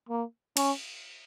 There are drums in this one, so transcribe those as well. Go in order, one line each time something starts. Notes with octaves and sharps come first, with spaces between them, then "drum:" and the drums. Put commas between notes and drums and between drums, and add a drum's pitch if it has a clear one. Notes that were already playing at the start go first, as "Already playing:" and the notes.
A#3
C#4, drum: cymbal